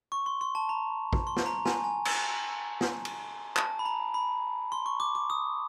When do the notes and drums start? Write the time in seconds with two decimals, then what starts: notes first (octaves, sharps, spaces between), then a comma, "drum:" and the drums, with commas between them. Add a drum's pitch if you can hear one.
0.12 C#6
0.26 C6
0.41 C6
0.55 A5
0.69 A#5
1.13 drum: kick
1.27 C6
1.36 drum: snare
1.46 A#5
1.65 G#5, drum: snare
1.84 G#5
2.05 drum: cymbal
2.81 drum: snare
3.05 drum: cymbal
3.56 A5, drum: clap
3.79 B5
3.85 A#5
4.14 B5
4.72 C6
4.86 C#6
5.00 D6
5.15 D6
5.30 D#6